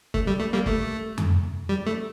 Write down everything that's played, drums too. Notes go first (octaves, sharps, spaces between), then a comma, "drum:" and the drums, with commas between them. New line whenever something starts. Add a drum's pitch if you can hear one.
A3, drum: kick G1
G3
A3
G3 A#3
A3, drum: kick G1
drum: tom F2
G3
A3